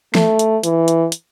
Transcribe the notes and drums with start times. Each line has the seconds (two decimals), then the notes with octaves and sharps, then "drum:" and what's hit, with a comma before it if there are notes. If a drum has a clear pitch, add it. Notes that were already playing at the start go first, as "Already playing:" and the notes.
0.15 A3, drum: snare
0.39 drum: hi-hat
0.64 E3, drum: hi-hat
0.88 drum: hi-hat
1.12 drum: hi-hat